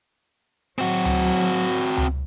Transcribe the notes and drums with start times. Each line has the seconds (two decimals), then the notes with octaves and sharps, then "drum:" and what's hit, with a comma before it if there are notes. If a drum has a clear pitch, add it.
0.78 F#3 C4 F#4, drum: hi-hat
1.05 drum: tom C#2
1.66 drum: hi-hat
1.97 drum: tom C#2